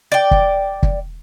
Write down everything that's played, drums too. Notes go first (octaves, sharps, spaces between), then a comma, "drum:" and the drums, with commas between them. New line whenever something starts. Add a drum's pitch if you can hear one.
D5 G5
drum: kick
drum: kick